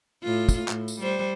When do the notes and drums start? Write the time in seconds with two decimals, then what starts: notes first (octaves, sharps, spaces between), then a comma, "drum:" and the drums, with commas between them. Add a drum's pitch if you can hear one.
0.24 A2 F4
0.49 drum: kick, tambourine
0.68 A2, drum: clap
0.88 drum: tambourine
1.00 G3 C5